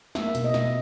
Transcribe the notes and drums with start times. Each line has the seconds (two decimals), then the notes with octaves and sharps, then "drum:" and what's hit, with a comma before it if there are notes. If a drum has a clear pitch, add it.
0.15 A#3 E5, drum: snare
0.35 B2, drum: hi-hat
0.44 D#5
0.54 B2, drum: snare